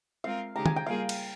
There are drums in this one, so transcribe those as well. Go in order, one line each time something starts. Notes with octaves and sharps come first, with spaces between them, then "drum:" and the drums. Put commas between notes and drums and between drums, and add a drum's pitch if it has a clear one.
G#3 C4 F4 A#4 F5
C#3 G#3 D#4 G4 A#5
G#5, drum: tom
G5
G3 A#3 F4 G#4 F5
drum: cymbal